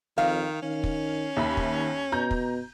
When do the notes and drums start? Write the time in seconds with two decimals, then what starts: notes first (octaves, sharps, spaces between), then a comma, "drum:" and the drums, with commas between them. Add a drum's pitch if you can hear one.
0.18 F2 D#3 F5
0.62 D#3 C#4
0.84 drum: kick
1.37 D#2 D#3 E5 B5
1.57 drum: kick
2.12 B2 A#5 G6
2.31 drum: kick